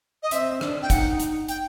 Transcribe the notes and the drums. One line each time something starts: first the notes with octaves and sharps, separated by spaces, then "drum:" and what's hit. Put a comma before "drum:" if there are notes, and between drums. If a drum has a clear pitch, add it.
D#5
C4 E5, drum: hi-hat
D4, drum: rim click
G5
D#4 F#5, drum: kick, hi-hat
drum: hi-hat
G5, drum: hi-hat